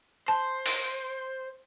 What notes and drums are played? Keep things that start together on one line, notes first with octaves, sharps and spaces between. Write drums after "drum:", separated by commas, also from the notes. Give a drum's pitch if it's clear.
C5 A5
drum: open hi-hat